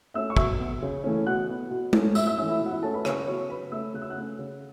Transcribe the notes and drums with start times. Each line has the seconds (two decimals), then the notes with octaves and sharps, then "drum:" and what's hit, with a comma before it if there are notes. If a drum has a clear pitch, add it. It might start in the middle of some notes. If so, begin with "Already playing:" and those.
0.14 A3 C#4 E5 E6
0.30 C#6
0.37 B2 E5 E6, drum: kick
0.59 B3
0.82 C#3
1.04 E3 A3 C#4
1.26 B2 F#5 F#6
1.49 B3
1.71 B2
1.93 A3 C#4, drum: tom G#3
2.15 A2 E5 E6, drum: tambourine
2.27 E5 E6
2.38 E3 A3 C#4 E5 E6
2.49 E4 E5
2.61 B2
2.66 F#5
2.71 E4 E5
2.83 A3 C#4 A4 A5
2.94 B4 B5
3.05 C#3 C#5 C#6, drum: rim click
3.27 F#3 B3 C#5 C#6
3.49 C#3 B4 B5
3.72 A3 C#4 E5 E6
3.94 C#3 F#6
4.02 E6
4.10 F#5 F#6
4.17 A3 C#4
4.39 C#3